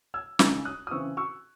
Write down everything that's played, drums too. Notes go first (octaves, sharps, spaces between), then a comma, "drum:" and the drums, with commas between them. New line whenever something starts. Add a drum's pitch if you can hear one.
E6 G#6
C#3 G#3 D#4 E6 G#6, drum: snare
D#6 F#6
D#6
C#3 E3 C4 C#6 E6
C#6 E6